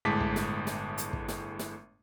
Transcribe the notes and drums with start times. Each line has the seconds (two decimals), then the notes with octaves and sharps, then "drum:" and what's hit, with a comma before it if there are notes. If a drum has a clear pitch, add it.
0.05 G1 A2 G#3 A5 D6 B6
0.21 drum: kick
0.36 drum: snare
0.67 drum: snare
0.98 drum: hi-hat
1.13 drum: kick
1.28 drum: snare
1.59 drum: snare